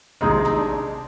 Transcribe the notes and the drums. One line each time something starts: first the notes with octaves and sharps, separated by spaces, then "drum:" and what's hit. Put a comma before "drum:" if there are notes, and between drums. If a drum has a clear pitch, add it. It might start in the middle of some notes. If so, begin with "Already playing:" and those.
C3 D#3 G#3 D#4, drum: kick
drum: snare
D4